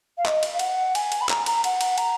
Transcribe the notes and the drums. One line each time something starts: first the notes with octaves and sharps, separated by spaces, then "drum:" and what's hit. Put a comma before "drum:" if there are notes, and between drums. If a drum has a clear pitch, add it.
F5
D#5, drum: clap
drum: cymbal
F5
F#5, drum: cymbal
G#5, drum: cymbal
drum: cymbal
B5
A#5, drum: clap
A#5, drum: cymbal
F#5, drum: cymbal
drum: cymbal
A#5, drum: cymbal